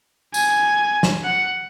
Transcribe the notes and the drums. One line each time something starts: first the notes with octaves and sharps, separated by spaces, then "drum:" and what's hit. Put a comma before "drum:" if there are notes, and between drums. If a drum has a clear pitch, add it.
G#5, drum: tambourine
drum: snare
F#5